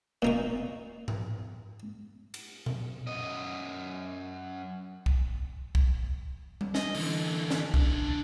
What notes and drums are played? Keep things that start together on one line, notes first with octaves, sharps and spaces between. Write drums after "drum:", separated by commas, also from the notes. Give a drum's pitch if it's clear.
A#2 D#4 C#6
drum: tom G#2
drum: cymbal
drum: tom A#2
F#2 D#5
drum: kick
drum: kick
drum: tom G3
D#5, drum: snare
D3 E3, drum: open hi-hat
drum: snare
B1 D4, drum: kick